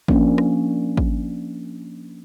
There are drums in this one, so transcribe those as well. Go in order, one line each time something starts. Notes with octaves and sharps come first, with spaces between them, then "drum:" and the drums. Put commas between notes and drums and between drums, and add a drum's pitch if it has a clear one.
F3 A#3 C#4 D4, drum: kick
drum: rim click
drum: kick